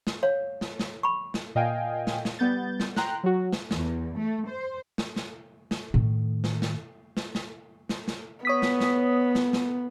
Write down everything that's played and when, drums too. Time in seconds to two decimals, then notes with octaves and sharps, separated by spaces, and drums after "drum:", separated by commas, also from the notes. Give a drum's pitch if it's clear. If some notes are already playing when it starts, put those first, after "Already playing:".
0.07 drum: snare
0.23 C#5 F5
0.61 drum: snare
0.79 drum: snare
1.03 B5 C#6
1.34 drum: snare
1.55 A#2 D#5 F5 G5 G#5
2.07 drum: snare
2.25 drum: snare
2.39 G3 B3 G6 A6
2.80 drum: snare
2.96 G5 A#5 C6 F#6, drum: snare
3.24 F#3 F#4
3.53 drum: snare
3.71 E2, drum: snare
4.18 A3
4.49 C5
4.98 drum: snare
5.16 drum: snare
5.71 drum: snare
5.94 A2 D#3
6.44 drum: snare
6.62 drum: snare
7.17 drum: snare
7.35 drum: snare
7.89 drum: snare
8.08 drum: snare
8.45 B3 C#5 D#6 B6
8.62 drum: snare
8.80 drum: snare
9.35 drum: snare
9.53 drum: snare